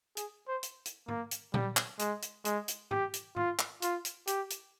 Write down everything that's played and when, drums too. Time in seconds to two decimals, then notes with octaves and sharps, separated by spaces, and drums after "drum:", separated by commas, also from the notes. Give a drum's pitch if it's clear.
0.17 G#4, drum: hi-hat
0.47 C5
0.63 drum: hi-hat
0.86 drum: hi-hat
1.08 A#3, drum: tom G#2
1.31 drum: hi-hat
1.54 G3, drum: tom A#2
1.77 drum: clap
1.99 G#3, drum: hi-hat
2.22 drum: hi-hat
2.45 G#3, drum: hi-hat
2.68 drum: hi-hat
2.91 G4, drum: tom G#2
3.14 drum: hi-hat
3.36 F4, drum: tom G#2
3.59 drum: clap
3.82 F4, drum: hi-hat
4.05 drum: hi-hat
4.27 G4, drum: hi-hat
4.50 drum: hi-hat